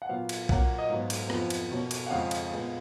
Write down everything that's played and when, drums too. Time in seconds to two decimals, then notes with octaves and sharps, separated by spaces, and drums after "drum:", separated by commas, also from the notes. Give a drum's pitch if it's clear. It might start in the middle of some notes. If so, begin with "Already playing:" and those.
0.02 F#5
0.09 A#2 F#3 B3 F5
0.29 drum: cymbal
0.49 A#2 F#3 A#3 C#4 F#5, drum: kick B1
0.78 D#5
0.89 G#2 F#3 B3 F5
1.10 drum: cymbal
1.30 F2 F3 B3, drum: rim click
1.50 drum: cymbal
1.71 B2 A#3 C#4
1.91 drum: cymbal
2.06 F#5
2.10 F2 C#3 G#3 F5
2.31 drum: cymbal
2.52 A#2 G#3 B3